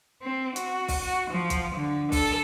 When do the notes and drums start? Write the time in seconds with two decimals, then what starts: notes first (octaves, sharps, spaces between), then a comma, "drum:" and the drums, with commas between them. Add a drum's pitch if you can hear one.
0.22 C4
0.56 F#4, drum: hi-hat
0.88 drum: kick, open hi-hat
1.02 F#4
1.31 F3
1.50 drum: kick, hi-hat
1.75 D3
2.12 A4, drum: kick, open hi-hat